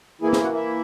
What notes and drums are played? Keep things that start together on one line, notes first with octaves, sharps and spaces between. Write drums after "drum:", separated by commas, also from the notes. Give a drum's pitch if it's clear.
E3 A#3 E4 G#4 G#5
G#4 G#5, drum: snare
F#4 F#5
E4 E5